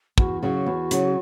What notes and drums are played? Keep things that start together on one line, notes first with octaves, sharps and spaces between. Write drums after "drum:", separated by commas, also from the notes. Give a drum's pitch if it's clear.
E2 F#4, drum: kick
C#3 F#3 F#4
E2
C#3 F#3, drum: hi-hat